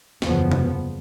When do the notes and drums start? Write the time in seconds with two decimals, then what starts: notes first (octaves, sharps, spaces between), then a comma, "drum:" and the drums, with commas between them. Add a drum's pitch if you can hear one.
0.22 F#1 E2 C#3 F3 G3 B3, drum: snare
0.52 drum: tom C3